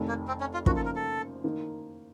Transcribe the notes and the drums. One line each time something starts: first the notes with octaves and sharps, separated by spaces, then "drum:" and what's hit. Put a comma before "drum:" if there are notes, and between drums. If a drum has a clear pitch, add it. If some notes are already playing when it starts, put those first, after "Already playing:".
Already playing: F1 F2 D#3
A#3
C4
C#4
F4
F#2 C#3 F3 A#3 D#4 F#4, drum: kick
A4
A#4
A4
D#3 A#3 D#4